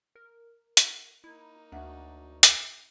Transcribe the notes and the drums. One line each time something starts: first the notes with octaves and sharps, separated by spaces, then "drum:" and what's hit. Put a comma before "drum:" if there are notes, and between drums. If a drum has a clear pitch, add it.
A#4
drum: hi-hat
A#3 D#4 E4
D2 D4 F#4 E5 F#5
drum: hi-hat